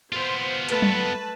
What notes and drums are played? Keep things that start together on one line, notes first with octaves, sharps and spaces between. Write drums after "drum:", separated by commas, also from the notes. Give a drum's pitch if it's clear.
B3 F4 C5
A3 B4 A5, drum: hi-hat
drum: tom F#3